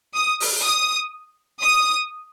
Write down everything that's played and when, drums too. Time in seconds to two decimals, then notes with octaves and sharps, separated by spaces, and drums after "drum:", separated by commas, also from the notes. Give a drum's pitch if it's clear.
0.14 D#6
0.40 drum: open hi-hat
0.64 D#6
1.63 D#6